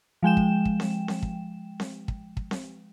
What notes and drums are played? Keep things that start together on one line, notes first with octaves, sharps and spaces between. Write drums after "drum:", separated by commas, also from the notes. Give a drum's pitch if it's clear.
F3 G#3 G5 E7
drum: kick
drum: kick
drum: snare C4
drum: snare C4
drum: kick
drum: snare C4
drum: kick
drum: kick
drum: snare C4